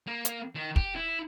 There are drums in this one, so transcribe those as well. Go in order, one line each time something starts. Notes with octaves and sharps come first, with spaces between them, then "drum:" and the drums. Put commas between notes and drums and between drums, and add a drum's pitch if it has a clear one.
A#3
drum: hi-hat
D#3
G4, drum: kick
E4